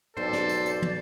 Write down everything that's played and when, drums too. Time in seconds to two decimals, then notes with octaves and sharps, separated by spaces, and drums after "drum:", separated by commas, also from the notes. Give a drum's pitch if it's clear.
0.17 B1 A4 C5 D5, drum: tom
0.33 drum: snare
0.49 drum: tambourine
0.66 drum: tambourine
0.82 drum: tom